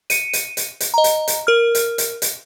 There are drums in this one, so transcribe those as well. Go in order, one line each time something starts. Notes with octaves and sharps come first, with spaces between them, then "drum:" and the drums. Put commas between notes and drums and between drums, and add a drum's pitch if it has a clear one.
C#7 D#7, drum: hi-hat
drum: hi-hat
drum: hi-hat
drum: hi-hat
D#5 A#5
drum: hi-hat
drum: hi-hat
A#4 F6
drum: hi-hat
drum: hi-hat
drum: hi-hat